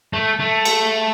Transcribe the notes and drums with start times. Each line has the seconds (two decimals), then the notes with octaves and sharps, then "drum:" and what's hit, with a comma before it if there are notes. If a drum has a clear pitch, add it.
0.13 A3
0.39 A3
0.65 drum: cymbal